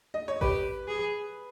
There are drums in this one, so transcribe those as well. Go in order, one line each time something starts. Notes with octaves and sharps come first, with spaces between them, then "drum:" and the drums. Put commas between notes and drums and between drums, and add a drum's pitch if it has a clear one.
D#5
C#5
G4 B4, drum: kick A1
G#4